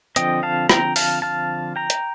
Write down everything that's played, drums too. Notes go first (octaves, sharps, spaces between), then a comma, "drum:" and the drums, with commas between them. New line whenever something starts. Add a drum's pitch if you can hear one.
D3 F3 C4 D#5 G5, drum: hi-hat
F5 A5
G5 A#5, drum: rim click
F5 A5, drum: open hi-hat
F5 A5
G5 A#5
drum: hi-hat